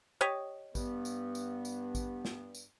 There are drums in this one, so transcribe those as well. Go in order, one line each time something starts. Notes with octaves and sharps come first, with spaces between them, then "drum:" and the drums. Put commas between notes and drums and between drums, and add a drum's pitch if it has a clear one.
G4 C#5 D#5
G2 B3, drum: kick A1, tambourine
drum: tambourine
drum: tambourine
drum: tambourine
drum: kick A1, tambourine
drum: snare
drum: tambourine